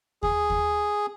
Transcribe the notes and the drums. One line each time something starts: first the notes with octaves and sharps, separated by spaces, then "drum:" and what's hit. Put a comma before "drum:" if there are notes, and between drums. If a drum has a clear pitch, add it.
G#4, drum: kick D#2
drum: kick D#2